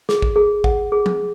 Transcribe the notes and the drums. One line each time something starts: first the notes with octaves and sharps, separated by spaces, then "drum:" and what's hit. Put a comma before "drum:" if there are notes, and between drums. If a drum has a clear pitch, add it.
G#4, drum: snare
drum: kick
G#4
F#5, drum: kick
G#4
drum: tom